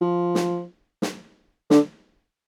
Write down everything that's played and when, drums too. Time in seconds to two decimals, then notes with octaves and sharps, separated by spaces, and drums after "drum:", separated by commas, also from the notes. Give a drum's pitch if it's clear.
0.01 F3
0.35 drum: snare
1.02 drum: snare
1.70 D3, drum: snare